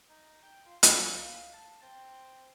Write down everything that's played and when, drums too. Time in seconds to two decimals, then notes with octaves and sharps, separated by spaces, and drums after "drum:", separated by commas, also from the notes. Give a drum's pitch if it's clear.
0.10 D#4
0.43 G5
0.65 F4
0.83 F5, drum: hi-hat
1.20 F5
1.53 A5
1.82 C4